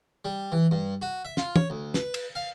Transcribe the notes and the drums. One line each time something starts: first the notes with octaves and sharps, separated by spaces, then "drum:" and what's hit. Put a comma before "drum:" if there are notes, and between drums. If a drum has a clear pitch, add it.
G3
E3
G2
F#4
E5
F4, drum: snare
C#5, drum: tom
D2
B4, drum: snare
drum: cymbal
F5